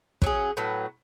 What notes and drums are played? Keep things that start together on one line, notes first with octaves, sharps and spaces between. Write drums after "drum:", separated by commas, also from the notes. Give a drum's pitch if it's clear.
F#3 C#4 G#4, drum: kick
A2 F#3 B3